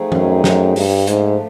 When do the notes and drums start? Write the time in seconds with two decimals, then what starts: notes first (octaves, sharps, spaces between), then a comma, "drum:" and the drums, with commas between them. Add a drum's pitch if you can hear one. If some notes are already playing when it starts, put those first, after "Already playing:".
Already playing: F3 A3 C4 D#4 G#4
0.12 F#2, drum: tom E3
0.44 F#2, drum: snare
0.76 G2, drum: open hi-hat
1.07 G#2 F3 A3 D4 F4, drum: hi-hat